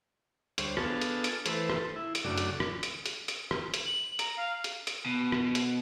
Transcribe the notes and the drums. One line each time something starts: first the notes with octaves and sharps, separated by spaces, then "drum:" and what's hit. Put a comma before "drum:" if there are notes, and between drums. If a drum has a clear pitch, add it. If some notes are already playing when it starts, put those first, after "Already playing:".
D2 G3 C5 C#5, drum: hi-hat
B3 D4 F4 G#4 A4 A5, drum: rim click
drum: hi-hat
drum: hi-hat
E3 A3 A4 B4 C5, drum: hi-hat
drum: rim click
E4
drum: hi-hat
F#2 C#3 F#3 A3 D4 D5
drum: hi-hat
drum: rim click
drum: hi-hat
drum: hi-hat
drum: hi-hat
drum: rim click
drum: hi-hat
F#7
A#5, drum: hi-hat
F5
drum: hi-hat
drum: hi-hat
B2
drum: rim click
drum: hi-hat